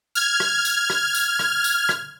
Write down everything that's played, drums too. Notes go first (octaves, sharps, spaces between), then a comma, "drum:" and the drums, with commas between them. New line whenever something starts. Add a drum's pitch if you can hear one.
F6 G#6, drum: tambourine
drum: rim click
drum: tambourine
drum: rim click
drum: tambourine
drum: rim click
drum: tambourine
drum: rim click